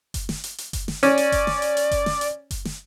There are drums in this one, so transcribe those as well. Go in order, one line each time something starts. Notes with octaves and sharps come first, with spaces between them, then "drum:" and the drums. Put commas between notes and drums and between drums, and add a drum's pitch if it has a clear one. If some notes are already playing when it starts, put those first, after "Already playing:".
drum: kick F#1, hi-hat
drum: snare
drum: hi-hat
drum: hi-hat
drum: kick F#1, hi-hat
drum: snare
C#4 D5, drum: hi-hat
drum: hi-hat
drum: kick F#1, hi-hat
drum: snare
drum: hi-hat
drum: hi-hat
drum: kick F#1, hi-hat
drum: snare
drum: hi-hat
drum: kick F#1, hi-hat
drum: snare